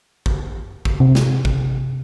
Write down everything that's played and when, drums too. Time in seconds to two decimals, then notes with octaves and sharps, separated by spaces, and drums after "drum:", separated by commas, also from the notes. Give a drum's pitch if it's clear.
0.26 drum: kick
0.85 drum: kick
1.00 C3
1.15 drum: snare
1.45 drum: kick